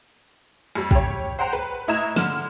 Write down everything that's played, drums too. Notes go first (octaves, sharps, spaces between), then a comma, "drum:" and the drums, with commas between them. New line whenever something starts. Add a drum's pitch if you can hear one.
F2 G3, drum: open hi-hat
G4 C#5, drum: kick
C5 F#5 G5 A#5
B4
A2 E4 D#5 A#5 G#6 E7
D3 F6 E7, drum: snare